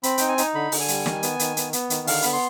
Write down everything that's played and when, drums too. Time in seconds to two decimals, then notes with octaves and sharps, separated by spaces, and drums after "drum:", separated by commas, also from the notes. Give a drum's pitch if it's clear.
0.03 C4 B5, drum: hi-hat
0.18 D#4 G5, drum: hi-hat
0.28 G#5
0.38 D#4, drum: hi-hat
0.55 D3 B5
0.72 D3, drum: open hi-hat
0.80 G#5
0.88 G3, drum: hi-hat
1.06 D#3, drum: snare
1.23 B3, drum: hi-hat
1.39 D#3, drum: hi-hat
1.57 B3, drum: hi-hat
1.73 B3, drum: hi-hat
1.90 D#3, drum: hi-hat
2.07 D3 F5, drum: open hi-hat
2.22 B3 B5, drum: hi-hat
2.33 C6